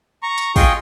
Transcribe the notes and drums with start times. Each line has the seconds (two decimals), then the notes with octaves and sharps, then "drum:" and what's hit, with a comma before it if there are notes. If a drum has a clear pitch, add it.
0.23 A#5 C#6
0.38 drum: hi-hat
0.56 F4 G#4 D#5 G5 C6 C#6, drum: kick, open hi-hat